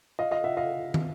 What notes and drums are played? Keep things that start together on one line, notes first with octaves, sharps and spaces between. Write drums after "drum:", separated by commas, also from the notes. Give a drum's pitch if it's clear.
D#5 F5
D#5 F5
E5 F#5
D#5 F5
drum: tom